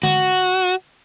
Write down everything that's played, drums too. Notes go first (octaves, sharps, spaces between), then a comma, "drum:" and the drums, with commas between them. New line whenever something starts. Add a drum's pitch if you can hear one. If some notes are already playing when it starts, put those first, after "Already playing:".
F#4, drum: tom D3